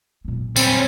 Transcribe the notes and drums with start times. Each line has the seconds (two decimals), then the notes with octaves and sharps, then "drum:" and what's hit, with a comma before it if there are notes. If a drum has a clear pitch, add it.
0.25 A#2 B3
0.56 G3 C4 C#4, drum: tambourine